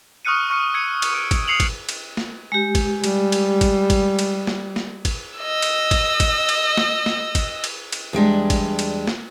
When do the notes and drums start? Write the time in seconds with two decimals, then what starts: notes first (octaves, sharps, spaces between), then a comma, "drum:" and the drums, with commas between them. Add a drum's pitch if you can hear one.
0.25 C#6 D#6 F6 F#6 C#7 D#7
0.50 C#6 F6 C#7
0.74 E6 G#6 C#7 D#7
1.02 drum: cymbal
1.14 C#6 D7
1.31 drum: kick, cymbal
1.48 D#6 C7 C#7 F7 F#7
1.60 drum: kick, cymbal
1.89 drum: cymbal
2.17 drum: snare
2.52 G#3 G4
2.75 drum: kick, cymbal
3.04 G3, drum: cymbal
3.32 drum: cymbal
3.61 drum: kick, cymbal
3.90 drum: kick, cymbal
4.19 drum: cymbal
4.47 drum: snare
4.76 drum: snare
5.05 drum: kick, cymbal
5.39 D#5 E6
5.62 drum: cymbal
5.91 drum: kick, cymbal
6.20 drum: kick, cymbal
6.49 drum: cymbal
6.77 drum: snare
7.06 drum: snare
7.35 drum: kick, cymbal
7.64 drum: cymbal
7.92 drum: cymbal
8.13 E2 G3 G#3 D4
8.50 drum: kick, cymbal
8.79 drum: cymbal
9.08 drum: snare